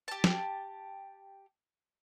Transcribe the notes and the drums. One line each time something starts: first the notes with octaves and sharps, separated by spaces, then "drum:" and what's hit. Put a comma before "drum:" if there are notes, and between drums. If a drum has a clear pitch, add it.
G4 A5
drum: snare